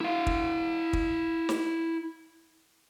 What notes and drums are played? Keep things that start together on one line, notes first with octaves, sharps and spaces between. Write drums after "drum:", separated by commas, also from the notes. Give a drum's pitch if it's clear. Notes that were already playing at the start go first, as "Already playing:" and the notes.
E4 F5
drum: kick
drum: kick
drum: snare